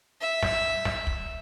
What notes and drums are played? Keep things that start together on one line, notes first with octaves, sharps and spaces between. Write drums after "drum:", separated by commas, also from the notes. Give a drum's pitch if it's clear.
E5
drum: snare
drum: snare
drum: kick